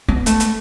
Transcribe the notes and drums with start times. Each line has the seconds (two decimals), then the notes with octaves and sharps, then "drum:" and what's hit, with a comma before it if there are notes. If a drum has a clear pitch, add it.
0.08 B3
0.26 A3, drum: hi-hat
0.40 drum: hi-hat